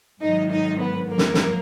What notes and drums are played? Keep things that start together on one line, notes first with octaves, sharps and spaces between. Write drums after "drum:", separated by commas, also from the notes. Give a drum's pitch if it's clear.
G#2 D#3 F#3 D#4 D#5
D#4 D#5
B3 B4
G#2 F#3 A#3 A#4
drum: snare
drum: snare